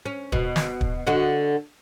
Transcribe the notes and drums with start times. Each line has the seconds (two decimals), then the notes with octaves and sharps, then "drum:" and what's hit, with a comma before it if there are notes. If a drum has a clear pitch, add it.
0.05 C#4
0.32 B2, drum: kick
0.56 drum: snare
0.81 drum: kick
1.07 D3 F#4 D#5